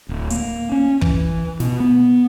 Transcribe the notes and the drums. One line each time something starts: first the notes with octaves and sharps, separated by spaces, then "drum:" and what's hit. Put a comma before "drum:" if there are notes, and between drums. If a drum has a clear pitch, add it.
D1
A#3, drum: hi-hat
C#4
E3, drum: kick
B2, drum: snare
B3